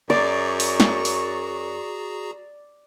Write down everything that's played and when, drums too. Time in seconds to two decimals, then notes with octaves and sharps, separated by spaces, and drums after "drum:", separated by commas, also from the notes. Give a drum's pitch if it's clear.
0.10 F#2 F#4 G#4 D5 A#5 C#6
0.60 drum: open hi-hat
0.80 drum: snare
1.05 drum: open hi-hat